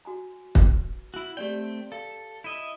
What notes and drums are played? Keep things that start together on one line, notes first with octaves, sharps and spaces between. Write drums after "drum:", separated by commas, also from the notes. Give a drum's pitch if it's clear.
F#4 G#5 A#5
B4, drum: kick
E4 F#4
A3 C4 G4 D5 G5
A4 F5
E4 D#5 E5